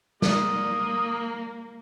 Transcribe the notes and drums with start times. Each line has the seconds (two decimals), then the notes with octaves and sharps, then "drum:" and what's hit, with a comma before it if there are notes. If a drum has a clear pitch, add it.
0.22 A#3 D#6, drum: snare